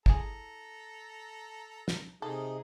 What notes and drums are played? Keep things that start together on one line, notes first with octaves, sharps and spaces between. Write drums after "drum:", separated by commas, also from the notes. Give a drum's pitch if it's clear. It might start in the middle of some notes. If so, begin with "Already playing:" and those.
E4 G#4 A4 A#5, drum: kick
drum: snare
C3 D#3 D#4 G#4 A4 D#5